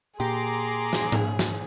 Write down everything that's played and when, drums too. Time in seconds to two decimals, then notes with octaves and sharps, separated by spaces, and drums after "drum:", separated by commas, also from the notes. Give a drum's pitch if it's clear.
0.20 A#2 G4 G#4 A#5 C6 D6
0.93 drum: snare
1.12 drum: tom G#2
1.39 drum: snare